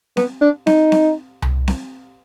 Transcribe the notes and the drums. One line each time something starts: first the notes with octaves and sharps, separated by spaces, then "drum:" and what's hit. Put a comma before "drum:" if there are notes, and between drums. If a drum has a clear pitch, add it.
B3, drum: snare C4
D4
D#4, drum: snare C4
drum: snare C4
drum: tom C2
drum: snare C4